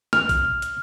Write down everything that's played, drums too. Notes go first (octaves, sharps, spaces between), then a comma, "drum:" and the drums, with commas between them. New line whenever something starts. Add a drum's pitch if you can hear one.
F6, drum: snare
drum: kick, open hi-hat
drum: hi-hat